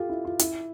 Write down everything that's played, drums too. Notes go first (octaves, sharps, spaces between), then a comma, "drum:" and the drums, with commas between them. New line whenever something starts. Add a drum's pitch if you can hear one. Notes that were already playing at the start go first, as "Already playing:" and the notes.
Already playing: F4 G4 A4
E4
F4
E4, drum: hi-hat